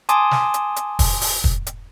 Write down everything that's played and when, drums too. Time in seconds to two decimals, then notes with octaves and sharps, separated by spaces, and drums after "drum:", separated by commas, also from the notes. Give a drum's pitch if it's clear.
0.09 G#5 A5 C6 D6 D#6, drum: hi-hat
0.31 drum: snare
0.54 drum: hi-hat
0.76 drum: hi-hat
0.99 drum: kick, open hi-hat
1.21 drum: open hi-hat
1.44 drum: kick
1.67 drum: hi-hat